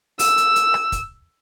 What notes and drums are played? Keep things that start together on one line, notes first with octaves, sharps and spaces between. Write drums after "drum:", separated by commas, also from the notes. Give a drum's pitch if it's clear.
E6, drum: open hi-hat
drum: hi-hat
drum: hi-hat
drum: rim click
drum: kick, hi-hat